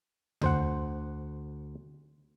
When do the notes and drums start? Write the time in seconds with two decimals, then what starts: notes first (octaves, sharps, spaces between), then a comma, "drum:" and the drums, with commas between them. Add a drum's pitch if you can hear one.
0.41 D2 C5 F#5, drum: tom E2